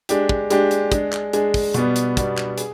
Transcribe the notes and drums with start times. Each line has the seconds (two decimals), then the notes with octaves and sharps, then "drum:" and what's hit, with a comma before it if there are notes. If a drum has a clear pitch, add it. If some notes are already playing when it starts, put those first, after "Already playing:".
0.09 G#3 D4 G4, drum: hi-hat
0.29 drum: kick
0.50 G#3 D4 G4, drum: hi-hat
0.71 drum: hi-hat
0.92 G#3 D4 G#4, drum: kick, hi-hat
1.13 drum: clap
1.33 G#3 D4 G#4, drum: hi-hat
1.54 drum: kick, open hi-hat
1.74 B2 G3 B3, drum: hi-hat
1.96 drum: hi-hat
2.17 B2 G3 B3, drum: kick, hi-hat
2.37 drum: clap
2.58 G#4, drum: hi-hat